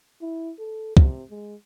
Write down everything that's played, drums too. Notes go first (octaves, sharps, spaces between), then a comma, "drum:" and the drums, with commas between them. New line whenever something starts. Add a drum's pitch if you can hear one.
E4
A4
C3, drum: kick
G#3